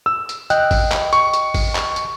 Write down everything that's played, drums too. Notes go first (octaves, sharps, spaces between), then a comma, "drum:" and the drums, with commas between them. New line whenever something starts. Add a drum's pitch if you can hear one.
E6
drum: hi-hat
D#5 G5 F#6, drum: hi-hat
drum: kick, open hi-hat
drum: clap
C#6, drum: hi-hat
drum: hi-hat
drum: kick, open hi-hat
drum: clap
drum: hi-hat